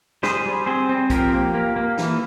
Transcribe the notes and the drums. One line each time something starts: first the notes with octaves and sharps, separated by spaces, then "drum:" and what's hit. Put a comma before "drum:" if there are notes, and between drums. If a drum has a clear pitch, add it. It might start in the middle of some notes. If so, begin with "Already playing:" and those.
G3 G#4 C5, drum: snare
G3
C4 G#4 C5
C4
F3 G4 A#4, drum: kick, hi-hat
A#3
A#3
A#3
E3, drum: snare